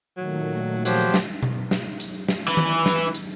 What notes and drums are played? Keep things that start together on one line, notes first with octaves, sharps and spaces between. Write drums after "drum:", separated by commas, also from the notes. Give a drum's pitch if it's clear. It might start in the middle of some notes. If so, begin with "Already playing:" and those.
A#2 D#3 F#3 A3
F3 F#3 G4 C5, drum: hi-hat
drum: snare
drum: tom B2
drum: snare
drum: hi-hat
drum: snare
E3 E4
drum: tom D#3
drum: snare
drum: hi-hat